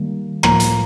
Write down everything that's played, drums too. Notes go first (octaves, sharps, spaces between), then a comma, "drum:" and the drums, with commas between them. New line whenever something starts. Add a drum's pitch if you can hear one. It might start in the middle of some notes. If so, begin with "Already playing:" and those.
Already playing: D#3 G3 A#3
A2 F3 A#3 A#5, drum: rim click
drum: hi-hat